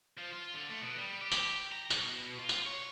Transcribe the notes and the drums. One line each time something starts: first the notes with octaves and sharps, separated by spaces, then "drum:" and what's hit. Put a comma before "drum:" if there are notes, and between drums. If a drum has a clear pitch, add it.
F3
F4
D3
A3
B2
G3
G4
drum: tambourine
A#5
B2, drum: tambourine
F4
drum: tambourine
C#5